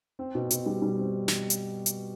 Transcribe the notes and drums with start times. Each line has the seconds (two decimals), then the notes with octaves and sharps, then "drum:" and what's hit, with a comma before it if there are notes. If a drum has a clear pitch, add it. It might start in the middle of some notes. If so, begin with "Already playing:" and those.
0.19 C4
0.35 B2
0.51 B2, drum: hi-hat
0.66 G3
0.82 G3
0.99 C4
1.28 drum: snare
1.50 drum: hi-hat
1.86 drum: hi-hat